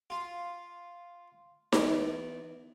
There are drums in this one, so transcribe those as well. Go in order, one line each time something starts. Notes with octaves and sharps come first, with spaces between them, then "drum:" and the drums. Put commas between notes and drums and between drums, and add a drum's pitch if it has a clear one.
F4
E2, drum: snare D#4